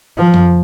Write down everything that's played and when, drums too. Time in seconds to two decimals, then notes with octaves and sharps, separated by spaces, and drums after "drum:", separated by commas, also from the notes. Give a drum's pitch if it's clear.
0.17 F3
0.34 drum: tom F2